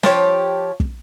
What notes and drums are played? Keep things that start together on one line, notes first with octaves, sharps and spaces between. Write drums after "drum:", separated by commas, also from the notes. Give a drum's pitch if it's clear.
F3 G4 C#5, drum: snare
drum: kick